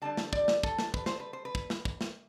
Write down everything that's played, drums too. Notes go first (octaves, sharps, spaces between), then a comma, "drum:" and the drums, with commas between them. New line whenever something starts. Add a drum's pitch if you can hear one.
D3 G3 D4 A5
drum: snare
D5, drum: kick
drum: snare
A4, drum: kick
drum: snare
B4, drum: kick
C5, drum: snare
B4
C5
B4
drum: kick
drum: snare
drum: kick
drum: snare